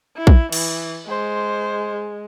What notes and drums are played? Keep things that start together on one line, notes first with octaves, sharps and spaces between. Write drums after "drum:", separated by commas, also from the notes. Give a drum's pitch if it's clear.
E4
drum: kick A#1
E3, drum: cymbal
G#3 C5